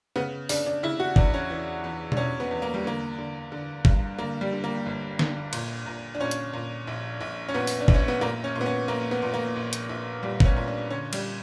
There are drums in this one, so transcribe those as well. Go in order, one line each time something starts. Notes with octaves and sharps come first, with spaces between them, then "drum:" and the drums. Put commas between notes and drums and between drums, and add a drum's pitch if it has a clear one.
C#3 B3
C#3 D4, drum: open hi-hat
D4
C#3 E4
F#4
E2 D4, drum: kick G#1
C#4
E3
E2
D4, drum: tom B2
E2 C#4
B3
E2
A#3
G3
D3 A#3
D3
D3
G2, drum: kick G#1
D3 A#3
G3
D3
A#3
G1
D3, drum: snare
A#2, drum: cymbal
A#2
D4
A#2 C#4
drum: hi-hat
A#2
A#1
A#1
C#4
A#2 B3
drum: open hi-hat
D4
A#1, drum: kick G#1
C#4
B3
A#2 A#3
C#4
A#2
B3
C#4
A#1 A#3
B3
A#2
A#3
A#1
drum: hi-hat
A#1
A#2 G3
B3, drum: kick G#1
C#4
A#2
D4
D3 C#4
G3, drum: cymbal